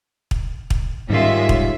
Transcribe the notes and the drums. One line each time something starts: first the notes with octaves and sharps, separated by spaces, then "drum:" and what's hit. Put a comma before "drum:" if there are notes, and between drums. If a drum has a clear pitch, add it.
drum: kick
drum: kick
G#2 D#3 G3 G#3 C#4 F4 E5
drum: kick